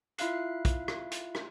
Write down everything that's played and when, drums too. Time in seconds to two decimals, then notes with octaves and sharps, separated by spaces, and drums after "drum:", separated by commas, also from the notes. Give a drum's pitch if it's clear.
0.18 E4 F4 E5 F5 F#6 C7, drum: hi-hat
0.65 drum: kick, hi-hat
0.88 drum: rim click
1.11 drum: hi-hat
1.35 drum: rim click